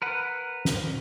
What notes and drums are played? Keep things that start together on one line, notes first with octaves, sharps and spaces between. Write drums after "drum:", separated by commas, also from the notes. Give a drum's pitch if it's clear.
A#4 B4 F#5
drum: snare